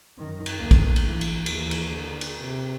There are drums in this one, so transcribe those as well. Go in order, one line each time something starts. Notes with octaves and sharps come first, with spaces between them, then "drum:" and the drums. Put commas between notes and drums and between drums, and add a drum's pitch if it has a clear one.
F#2 D#3
drum: cymbal
D2 A#3
drum: kick, cymbal
drum: cymbal
E3
drum: cymbal
D#2 E3, drum: cymbal
drum: cymbal
D3
drum: cymbal
C3